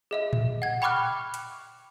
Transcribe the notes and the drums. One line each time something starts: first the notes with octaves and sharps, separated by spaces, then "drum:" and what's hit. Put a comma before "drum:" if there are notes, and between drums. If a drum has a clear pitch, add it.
G#4 D#5 E5
drum: tom A2
F#5 G#6
G5 B5 C#6 D6 F6 F#6
drum: hi-hat